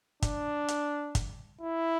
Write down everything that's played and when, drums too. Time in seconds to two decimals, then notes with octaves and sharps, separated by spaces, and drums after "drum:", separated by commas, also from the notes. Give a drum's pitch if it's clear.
0.22 D4, drum: kick, hi-hat
0.68 drum: hi-hat
1.15 drum: kick, hi-hat
1.61 E4